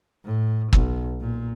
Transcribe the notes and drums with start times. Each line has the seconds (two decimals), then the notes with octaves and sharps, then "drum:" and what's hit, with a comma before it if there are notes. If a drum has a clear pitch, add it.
0.25 A2
0.73 B1, drum: kick
1.21 A#2